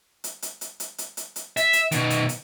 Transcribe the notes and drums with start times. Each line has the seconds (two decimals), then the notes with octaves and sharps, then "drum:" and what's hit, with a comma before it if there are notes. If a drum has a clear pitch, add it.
0.24 drum: hi-hat
0.42 drum: hi-hat
0.61 drum: hi-hat
0.80 drum: hi-hat
0.98 drum: hi-hat
1.17 drum: hi-hat
1.36 drum: hi-hat
1.57 E5, drum: hi-hat
1.73 drum: hi-hat
1.92 B2 D#3, drum: hi-hat
2.10 drum: hi-hat
2.29 drum: hi-hat